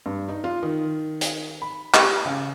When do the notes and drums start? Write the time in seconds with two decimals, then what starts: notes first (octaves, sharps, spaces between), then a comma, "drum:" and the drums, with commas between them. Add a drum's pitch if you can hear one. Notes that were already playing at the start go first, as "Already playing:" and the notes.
0.06 G2
0.28 D#4
0.44 F4
0.63 D#3
1.21 drum: hi-hat
1.62 B5
1.94 G4, drum: clap
2.25 C#3